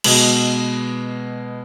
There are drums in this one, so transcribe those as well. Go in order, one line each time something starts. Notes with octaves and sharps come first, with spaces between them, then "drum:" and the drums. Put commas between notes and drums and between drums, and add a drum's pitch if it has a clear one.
B2 G#3, drum: cymbal